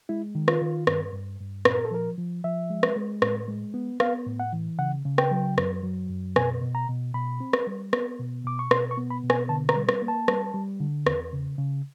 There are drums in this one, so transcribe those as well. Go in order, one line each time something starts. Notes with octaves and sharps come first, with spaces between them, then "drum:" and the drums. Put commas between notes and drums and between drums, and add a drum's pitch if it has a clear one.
G#3 E4
D#3
F4, drum: rim click
D#3
G2, drum: rim click
G2
G2
A#2 B4, drum: rim click
A#4
A4
F3 A#4
F3
F3 E5
G#3
drum: rim click
G#3
A2, drum: rim click
G#3
B3
B3 F5, drum: rim click
A2
F#5
E3
C#3 F#5
C#3
G5, drum: rim click
F#3
F#2, drum: rim click
F#3
F#2
B2 G#5, drum: rim click
B2
A#5
B2
B2 B5
C4
drum: rim click
G3
B3, drum: rim click
B2
B2 D6
C#6
B2 C6, drum: rim click
C#6
B3
B5
B2
G#5, drum: rim click
D3 A5
A#5, drum: rim click
G3
drum: rim click
A#3
A5
G3, drum: rim click
G3
D3
E2, drum: rim click
C#3
C#3